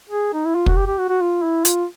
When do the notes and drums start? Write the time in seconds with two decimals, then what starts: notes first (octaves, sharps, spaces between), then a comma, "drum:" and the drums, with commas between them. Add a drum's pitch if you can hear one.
0.10 G#4
0.34 D#4
0.45 E4
0.55 F4
0.66 F#4, drum: kick
0.76 G4
0.87 G4
0.98 F#4
1.09 F#4
1.21 F4
1.43 E4
1.65 F4, drum: hi-hat